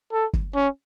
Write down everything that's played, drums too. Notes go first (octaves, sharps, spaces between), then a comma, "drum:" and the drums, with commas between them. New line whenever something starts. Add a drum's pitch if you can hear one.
A4
drum: kick
C#4